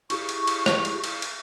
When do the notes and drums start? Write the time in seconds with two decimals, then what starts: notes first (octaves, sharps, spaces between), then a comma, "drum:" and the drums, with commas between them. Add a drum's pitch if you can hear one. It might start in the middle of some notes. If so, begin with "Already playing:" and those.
0.10 E4 G4 G#4 C#6, drum: cymbal
0.29 drum: cymbal
0.47 drum: cymbal
0.66 drum: rim click
0.85 drum: cymbal
1.04 drum: cymbal
1.22 drum: cymbal